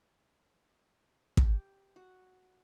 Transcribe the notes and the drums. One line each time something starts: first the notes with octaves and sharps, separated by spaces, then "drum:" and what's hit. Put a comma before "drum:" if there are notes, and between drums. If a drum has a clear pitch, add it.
G4, drum: kick
F#4